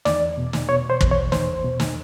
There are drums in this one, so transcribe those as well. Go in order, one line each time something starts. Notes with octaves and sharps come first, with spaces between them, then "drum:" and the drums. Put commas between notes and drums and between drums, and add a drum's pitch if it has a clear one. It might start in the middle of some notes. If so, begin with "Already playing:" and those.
E2 D5, drum: snare
B2
drum: snare
B2 C#5
C5
E2, drum: kick
C#5
E2 C5, drum: snare
B2
drum: snare